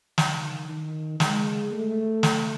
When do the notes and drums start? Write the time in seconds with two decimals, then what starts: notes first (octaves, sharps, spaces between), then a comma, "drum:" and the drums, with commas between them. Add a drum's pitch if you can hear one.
0.18 D#3, drum: snare
0.69 D#3
1.20 G#3, drum: snare
1.72 A3
2.23 drum: snare